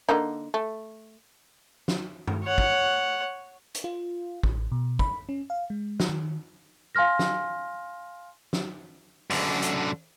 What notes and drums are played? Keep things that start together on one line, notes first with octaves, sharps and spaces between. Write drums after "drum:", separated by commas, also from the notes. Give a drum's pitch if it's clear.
D3 A#3 D#4
A3
drum: snare
drum: tom
C#5 F#5
drum: kick
drum: hi-hat
F4
A1, drum: kick
B2
B5, drum: kick
C#4
F5
G#3
drum: snare
D#3
F5 G#5 C6 F6 A#6
drum: snare
drum: snare
F#2 D3, drum: open hi-hat
drum: hi-hat